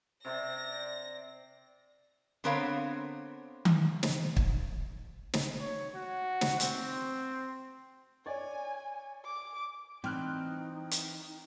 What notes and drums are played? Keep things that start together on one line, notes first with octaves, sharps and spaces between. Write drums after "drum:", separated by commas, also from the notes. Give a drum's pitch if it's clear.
C3 C5 D5 A#6
D3 B3 C4 A#4 C#5 F5
drum: tom D#3
drum: snare
drum: kick
drum: snare
C#5
F#4
drum: snare
C4, drum: hi-hat
C#5 D5 G#5
D6
E3 C4 D#4 G5 F6 F#6
drum: hi-hat